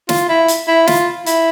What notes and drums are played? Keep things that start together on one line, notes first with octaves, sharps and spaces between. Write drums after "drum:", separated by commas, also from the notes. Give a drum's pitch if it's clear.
F4, drum: snare
E4
drum: hi-hat
E4
F4, drum: snare
E4, drum: hi-hat